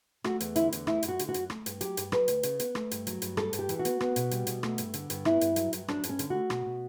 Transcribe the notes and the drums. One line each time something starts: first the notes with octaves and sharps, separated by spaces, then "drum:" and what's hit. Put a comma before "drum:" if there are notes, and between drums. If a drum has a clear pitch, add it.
A3 F#4, drum: rim click
E2, drum: hi-hat
D3 E4, drum: hi-hat
E2, drum: hi-hat
A3 E4, drum: rim click
F#2, drum: hi-hat
F#4
D3, drum: hi-hat
F#4
F#2, drum: hi-hat
A3, drum: rim click
G2, drum: hi-hat
F#3 G4, drum: hi-hat
G2, drum: hi-hat
F#3 B4, drum: rim click
D2, drum: hi-hat
C#3, drum: hi-hat
B3, drum: hi-hat
A3, drum: rim click
G2, drum: hi-hat
F#3, drum: hi-hat
G2, drum: hi-hat
G3 A4, drum: rim click
G2, drum: hi-hat
G4
E3, drum: hi-hat
F#4
B3, drum: hi-hat
B3, drum: rim click
B2, drum: hi-hat
G3, drum: hi-hat
B2, drum: hi-hat
A3, drum: rim click
G2, drum: hi-hat
D3, drum: hi-hat
G2, drum: hi-hat
B3 E4, drum: rim click
G2, drum: hi-hat
F#3, drum: hi-hat
G2, drum: hi-hat
F#3 D4, drum: rim click
G2, drum: hi-hat
C#4
D3, drum: hi-hat
A3 F#4
B2, drum: rim click
B2